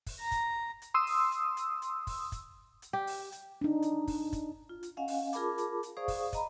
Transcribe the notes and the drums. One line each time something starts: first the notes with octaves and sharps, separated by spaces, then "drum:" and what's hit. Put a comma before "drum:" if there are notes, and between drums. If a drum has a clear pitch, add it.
drum: kick, open hi-hat
A#5
drum: kick, hi-hat
drum: hi-hat
C6 D#6 E6
drum: open hi-hat
drum: hi-hat
drum: hi-hat
drum: hi-hat
drum: kick, open hi-hat
drum: kick, hi-hat
drum: hi-hat
G4
drum: open hi-hat
drum: hi-hat
D4 D#4
drum: hi-hat
drum: kick, open hi-hat
drum: kick, hi-hat
F4
drum: hi-hat
C#4 D#5 F5 F#5 G#5
drum: open hi-hat
F4 G#4 A#4 A5 B5 D6, drum: hi-hat
drum: hi-hat
drum: hi-hat
G#4 C5 D5 F5 C#6 D#6
drum: kick, open hi-hat
D#5 A#5 B5, drum: kick, hi-hat